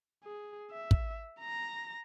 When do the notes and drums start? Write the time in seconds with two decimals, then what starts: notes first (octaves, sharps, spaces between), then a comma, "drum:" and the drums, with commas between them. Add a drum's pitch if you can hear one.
0.24 G#4
0.71 E5
0.91 drum: kick
1.40 A#5 A#6